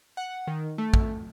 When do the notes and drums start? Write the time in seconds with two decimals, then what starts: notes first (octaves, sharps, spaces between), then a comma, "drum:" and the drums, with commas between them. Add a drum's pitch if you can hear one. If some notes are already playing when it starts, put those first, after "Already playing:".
0.17 F#5
0.47 D#3
0.78 A3
0.94 drum: kick